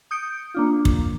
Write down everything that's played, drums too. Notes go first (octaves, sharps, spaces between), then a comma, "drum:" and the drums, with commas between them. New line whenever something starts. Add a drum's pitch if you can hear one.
D#6 G6 C#7 D7
A#3 D4 F4
drum: kick